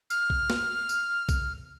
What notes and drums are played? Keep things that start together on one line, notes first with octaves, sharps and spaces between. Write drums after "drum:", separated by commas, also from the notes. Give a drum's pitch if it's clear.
F6, drum: tambourine
drum: kick A#1
drum: snare
drum: tambourine
drum: kick A#1, tambourine